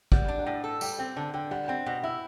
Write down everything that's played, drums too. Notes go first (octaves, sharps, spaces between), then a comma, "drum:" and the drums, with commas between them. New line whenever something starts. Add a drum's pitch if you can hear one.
G3 F#5, drum: kick
D4
F#5
A2 G5
A4
G3 G5, drum: tambourine
C4 G5
D3 A5
D3 G5
G3 F#5
C4 G5
B2 F#5
E4 E5